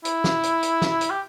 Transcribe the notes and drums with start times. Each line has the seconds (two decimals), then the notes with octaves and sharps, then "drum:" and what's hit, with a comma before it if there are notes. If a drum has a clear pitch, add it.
0.05 E4, drum: hi-hat
0.24 drum: snare
0.43 drum: hi-hat
0.63 drum: hi-hat
0.82 drum: snare
1.01 drum: hi-hat
1.11 G4